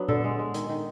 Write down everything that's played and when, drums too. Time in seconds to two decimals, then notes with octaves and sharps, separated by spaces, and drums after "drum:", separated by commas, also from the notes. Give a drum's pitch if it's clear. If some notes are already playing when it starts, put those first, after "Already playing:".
Already playing: F#3 B3 D4
0.08 D3 A4, drum: tom A#2
0.24 G#3
0.39 G#3
0.54 D#3, drum: hi-hat
0.69 D#3